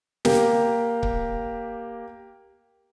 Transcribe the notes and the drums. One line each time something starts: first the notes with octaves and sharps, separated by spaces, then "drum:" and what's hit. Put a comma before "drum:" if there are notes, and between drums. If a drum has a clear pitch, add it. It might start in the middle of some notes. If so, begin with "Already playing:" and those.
A#3 G4, drum: snare
drum: kick C#1